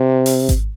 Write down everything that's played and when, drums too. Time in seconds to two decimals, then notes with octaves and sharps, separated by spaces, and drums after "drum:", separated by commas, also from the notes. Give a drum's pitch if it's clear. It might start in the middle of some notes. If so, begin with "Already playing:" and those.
Already playing: C3
0.26 drum: open hi-hat
0.49 drum: kick G#1, hi-hat